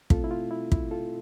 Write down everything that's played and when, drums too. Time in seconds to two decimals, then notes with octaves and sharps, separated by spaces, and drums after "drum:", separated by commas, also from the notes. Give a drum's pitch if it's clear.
0.10 B2 A3 C4 F4 A4, drum: kick
0.24 E4
0.31 F4
0.51 E4
0.72 E4, drum: kick
0.91 F4 A4